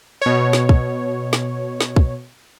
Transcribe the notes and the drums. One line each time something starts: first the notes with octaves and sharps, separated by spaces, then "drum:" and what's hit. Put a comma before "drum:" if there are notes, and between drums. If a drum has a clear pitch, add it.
B2 C#5
drum: snare
drum: kick
drum: snare
drum: snare
drum: kick